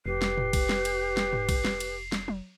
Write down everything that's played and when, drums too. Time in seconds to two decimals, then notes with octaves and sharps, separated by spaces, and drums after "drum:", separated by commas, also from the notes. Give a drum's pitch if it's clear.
0.06 F1 G4 B4 C7
0.22 drum: snare
0.37 drum: tom A2
0.53 drum: kick A#1, cymbal
0.69 drum: snare
0.85 drum: cymbal
1.17 drum: snare
1.33 drum: tom G#2
1.49 drum: kick A#1, cymbal
1.65 drum: snare
1.80 drum: cymbal
2.12 drum: snare
2.28 drum: tom F#3